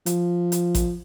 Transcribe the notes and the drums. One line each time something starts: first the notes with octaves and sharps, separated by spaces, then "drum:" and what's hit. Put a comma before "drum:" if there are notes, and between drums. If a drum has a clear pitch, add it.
F3, drum: hi-hat
drum: hi-hat
drum: kick A1, hi-hat